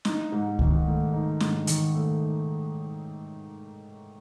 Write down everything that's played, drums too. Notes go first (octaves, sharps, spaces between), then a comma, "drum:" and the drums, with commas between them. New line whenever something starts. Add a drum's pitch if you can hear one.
D#4, drum: snare
G#2
D#3, drum: kick C#2
A3
D#4
G#2, drum: snare
D#3, drum: hi-hat
A3